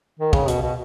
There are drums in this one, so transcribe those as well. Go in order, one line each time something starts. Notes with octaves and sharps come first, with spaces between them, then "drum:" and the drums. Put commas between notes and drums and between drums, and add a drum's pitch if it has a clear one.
D#3
C#3, drum: kick
B2, drum: hi-hat
B2